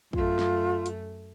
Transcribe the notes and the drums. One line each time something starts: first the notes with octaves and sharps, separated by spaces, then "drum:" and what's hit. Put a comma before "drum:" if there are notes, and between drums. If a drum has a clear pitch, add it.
F#2 A3 F4, drum: kick
drum: snare
drum: hi-hat